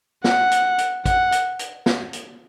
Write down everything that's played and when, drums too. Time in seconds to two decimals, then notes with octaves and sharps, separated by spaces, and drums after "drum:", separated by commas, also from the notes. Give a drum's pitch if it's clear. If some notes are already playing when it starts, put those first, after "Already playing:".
0.24 F#5, drum: snare
0.51 drum: hi-hat
0.78 drum: hi-hat
1.06 F#5, drum: kick, hi-hat
1.32 drum: hi-hat
1.59 drum: hi-hat
1.86 drum: snare
2.13 drum: hi-hat